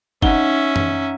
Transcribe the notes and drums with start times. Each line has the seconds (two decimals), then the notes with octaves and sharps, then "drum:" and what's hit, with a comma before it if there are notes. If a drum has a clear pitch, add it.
0.22 C#4 D#4 E5 F#5 G7, drum: kick
0.76 drum: tom F#2